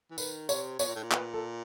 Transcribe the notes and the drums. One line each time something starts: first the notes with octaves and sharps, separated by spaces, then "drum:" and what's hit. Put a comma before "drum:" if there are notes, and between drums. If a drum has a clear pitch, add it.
E3
D#3 B4, drum: tambourine
C3 C#5, drum: tambourine
B2 C#5, drum: tambourine
A#2
A2
A#2
B4, drum: clap
A4